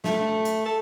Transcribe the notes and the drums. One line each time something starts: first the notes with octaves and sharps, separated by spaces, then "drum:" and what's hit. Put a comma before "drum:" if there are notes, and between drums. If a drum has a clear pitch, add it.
A3, drum: snare
drum: hi-hat
A4